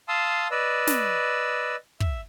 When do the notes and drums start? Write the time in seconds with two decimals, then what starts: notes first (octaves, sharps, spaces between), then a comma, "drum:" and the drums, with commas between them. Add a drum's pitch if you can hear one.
0.08 F5 A5 C6 D#6 E6
0.51 B4 D5 D#5 E6
0.87 drum: snare
2.00 E5, drum: kick